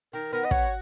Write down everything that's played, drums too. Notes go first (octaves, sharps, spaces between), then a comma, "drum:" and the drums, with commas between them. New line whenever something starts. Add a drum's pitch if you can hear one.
D#3 A#4
B3 A#4
D#5
F#4 C#5, drum: kick